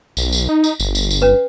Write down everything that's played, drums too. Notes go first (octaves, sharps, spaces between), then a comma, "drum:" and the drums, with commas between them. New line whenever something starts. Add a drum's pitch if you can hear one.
B1, drum: tambourine
drum: tambourine
D#4
drum: tambourine
G1, drum: tambourine
drum: tambourine
drum: tambourine
C#4 B4